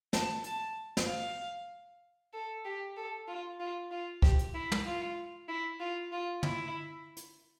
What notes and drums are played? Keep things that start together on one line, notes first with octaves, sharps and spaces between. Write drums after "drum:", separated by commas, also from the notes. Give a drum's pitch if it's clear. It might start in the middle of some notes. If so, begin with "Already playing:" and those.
A5, drum: snare
A5, drum: hi-hat
drum: snare
F5
A4
G4
A4
F4
F4
F4
G4, drum: kick C2
drum: hi-hat
E4
drum: tom
F4
E4
F4
F4
E4, drum: tom
drum: hi-hat